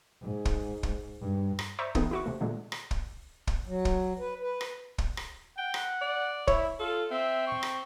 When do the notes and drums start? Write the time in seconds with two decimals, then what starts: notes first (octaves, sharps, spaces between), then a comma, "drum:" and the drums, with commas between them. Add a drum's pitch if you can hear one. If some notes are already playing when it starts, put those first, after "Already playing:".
0.22 G#2
0.45 drum: kick
0.83 drum: kick
1.21 G2
1.59 drum: rim click
1.79 C5 D5 E5 A#5 C#6 G6
1.95 E3 A3 B3 C4 D#4 G#4, drum: kick
2.11 E4 F#4 C#6
2.26 C3 A3
2.41 A#2 D3 G#3 A3
2.72 drum: rim click
2.91 drum: kick
3.47 drum: kick
3.67 F#3
3.85 drum: kick
4.19 B4
4.42 B4
4.61 drum: rim click
4.98 drum: kick
5.17 drum: rim click
5.58 F#5 G5
5.74 drum: rim click
6.01 D5
6.48 E4 C#5, drum: kick
6.80 F4 A4
7.11 C4 E5
7.47 C#6
7.63 drum: rim click